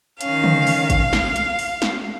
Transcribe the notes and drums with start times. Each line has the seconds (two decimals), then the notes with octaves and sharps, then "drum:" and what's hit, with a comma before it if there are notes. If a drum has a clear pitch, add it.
0.21 D#3 C#4 F5, drum: hi-hat
0.44 drum: tom
0.67 drum: open hi-hat
0.90 drum: kick G#1, hi-hat
1.13 drum: snare
1.36 drum: hi-hat
1.59 drum: open hi-hat
1.82 drum: snare